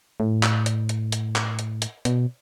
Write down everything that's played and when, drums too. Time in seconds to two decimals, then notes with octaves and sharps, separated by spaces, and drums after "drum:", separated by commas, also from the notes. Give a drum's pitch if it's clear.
0.20 A2
0.43 drum: clap
0.66 drum: hi-hat
0.89 drum: hi-hat
1.12 drum: hi-hat
1.36 drum: clap
1.59 drum: hi-hat
1.82 drum: hi-hat
2.05 B2, drum: hi-hat